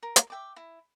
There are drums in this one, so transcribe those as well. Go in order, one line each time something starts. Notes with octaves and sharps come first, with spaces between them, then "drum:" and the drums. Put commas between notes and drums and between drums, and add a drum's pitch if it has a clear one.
A#4
drum: hi-hat
E5 G5 D6
E4